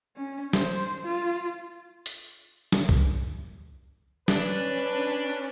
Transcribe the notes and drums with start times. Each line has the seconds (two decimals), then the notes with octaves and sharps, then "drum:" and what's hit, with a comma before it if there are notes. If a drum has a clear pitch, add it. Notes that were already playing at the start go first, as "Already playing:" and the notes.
0.16 C#4
0.53 C5, drum: snare
1.02 F4
2.06 drum: hi-hat
2.72 drum: snare
2.89 drum: kick C2
4.28 C#4 D4 B4, drum: snare